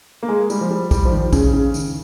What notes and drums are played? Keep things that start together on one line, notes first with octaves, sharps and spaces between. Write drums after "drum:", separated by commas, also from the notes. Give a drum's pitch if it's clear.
A#3
G#3
G3, drum: tambourine
F3
G3
G3, drum: kick A#1, tambourine
F3
D#3
C#3, drum: kick A#1, tambourine
C#3
D#3, drum: tambourine